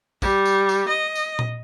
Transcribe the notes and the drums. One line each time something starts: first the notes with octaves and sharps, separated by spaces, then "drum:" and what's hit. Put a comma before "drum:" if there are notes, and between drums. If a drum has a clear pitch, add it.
G3, drum: kick, tambourine
drum: tambourine
drum: tambourine
D#5
drum: tambourine
drum: tom A#2